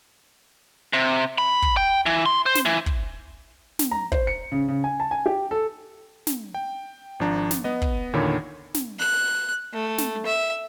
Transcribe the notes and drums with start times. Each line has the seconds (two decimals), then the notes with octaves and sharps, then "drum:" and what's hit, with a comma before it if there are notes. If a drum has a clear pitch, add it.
0.93 C3
1.38 B5
1.62 drum: kick
1.77 G5
2.06 E3
2.26 C6
2.46 C5
2.55 drum: snare
2.66 E3
2.86 drum: kick
3.79 drum: snare
3.91 A#5
4.12 C5, drum: kick
4.27 C#7
4.52 C#3
4.68 C#3
4.84 G#5
5.00 A5
5.11 G#5
5.26 G4
5.51 A4
6.27 drum: snare
6.54 G5
7.20 G#1 F3 D4 A#5
7.51 drum: snare
7.64 B3 D#5
7.82 drum: kick
8.13 E2 A#2 D3 D#3 C#5 B5
8.74 drum: snare
8.99 F#6
9.73 A3
9.98 drum: snare
10.26 E5